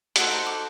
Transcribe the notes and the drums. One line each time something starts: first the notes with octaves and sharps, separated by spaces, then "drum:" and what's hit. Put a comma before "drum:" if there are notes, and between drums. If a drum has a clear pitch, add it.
D#4 F#4 A4 C5 A#5, drum: hi-hat
A#5
D6